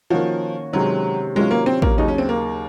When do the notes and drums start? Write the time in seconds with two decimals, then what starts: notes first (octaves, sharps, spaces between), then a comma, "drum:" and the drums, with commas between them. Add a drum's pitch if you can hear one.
0.10 D#3 F3 A#3 C#4 F#4
0.73 C3 D#3 F#3 G#3 C#4
1.35 C3 D#3 F#3 G#3 C#4 F4
1.51 A#3
1.66 C4
1.82 A#3, drum: kick
1.97 D#2 C#3 F#3 D#4
2.08 C#4
2.18 C4
2.29 A#3